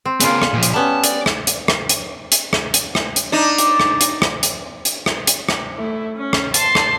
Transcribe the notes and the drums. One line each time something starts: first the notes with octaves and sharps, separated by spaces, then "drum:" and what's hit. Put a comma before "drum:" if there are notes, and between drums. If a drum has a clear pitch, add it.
C4
C#3 B3 F4 A#4, drum: hi-hat
drum: rim click
A#2 F3
drum: hi-hat
G3 B3 C#4 A5
D5, drum: hi-hat
drum: rim click
drum: hi-hat
drum: rim click
drum: hi-hat
drum: hi-hat
drum: rim click
drum: hi-hat
drum: rim click
drum: hi-hat
D4 D#4
drum: hi-hat
drum: rim click
drum: hi-hat
drum: rim click
drum: hi-hat
drum: hi-hat
drum: rim click
drum: hi-hat
drum: rim click
A3 E4
C#4
drum: rim click
A5 C6, drum: hi-hat
drum: rim click